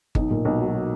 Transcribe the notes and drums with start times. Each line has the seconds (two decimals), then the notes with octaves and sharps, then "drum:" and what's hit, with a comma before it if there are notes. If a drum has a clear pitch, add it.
0.15 B1 D#4, drum: kick G1
0.30 A#2
0.45 B1
0.60 F#3